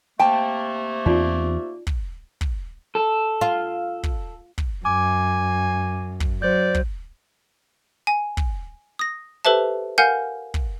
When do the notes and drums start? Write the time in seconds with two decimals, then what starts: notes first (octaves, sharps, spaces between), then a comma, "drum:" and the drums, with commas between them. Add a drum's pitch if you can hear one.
0.19 C3 A3 A#3 G5 A5
1.06 E2 C4 D#4 F4 D5
1.87 drum: kick
2.41 drum: kick
2.95 A4
3.41 F4
4.03 drum: kick
4.58 drum: kick
4.85 F#2 G#5 D6
6.20 drum: kick
6.42 F#3 C5 D5 G6
6.74 drum: kick
8.07 G#5
8.37 drum: kick
8.99 D#6 A#6
9.45 G4 A4 B4 C5 E5 A5
9.98 A#4 F5 F#5 G#5 F6 G6
10.54 drum: kick